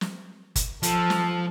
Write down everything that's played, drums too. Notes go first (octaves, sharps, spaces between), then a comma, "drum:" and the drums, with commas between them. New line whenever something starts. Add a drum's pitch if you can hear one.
drum: snare
drum: kick F#1, hi-hat
F3 A4, drum: hi-hat
drum: snare